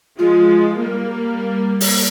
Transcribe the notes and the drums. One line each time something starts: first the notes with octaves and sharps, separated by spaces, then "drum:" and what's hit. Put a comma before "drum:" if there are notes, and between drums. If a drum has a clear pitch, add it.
F3 G#3 F4
G3 A#3
drum: open hi-hat